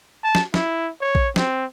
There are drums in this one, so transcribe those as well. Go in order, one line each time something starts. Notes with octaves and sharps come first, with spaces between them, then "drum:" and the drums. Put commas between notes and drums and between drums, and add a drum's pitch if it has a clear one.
A5
drum: snare
E4, drum: snare
C#5
drum: kick A#1
C4, drum: snare